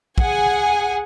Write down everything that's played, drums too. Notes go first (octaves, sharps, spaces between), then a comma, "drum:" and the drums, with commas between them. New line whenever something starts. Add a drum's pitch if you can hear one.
G#4 F#5 G#5, drum: kick